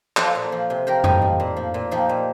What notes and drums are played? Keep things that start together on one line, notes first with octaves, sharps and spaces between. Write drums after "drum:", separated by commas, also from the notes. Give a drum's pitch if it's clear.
F3 F4 A4, drum: clap
A#2
F3
C3
F3 G4 A#4
A2 D#4 G4, drum: tom F2
F3
A#2
F3
A#2
F3 D#4 G4
A#2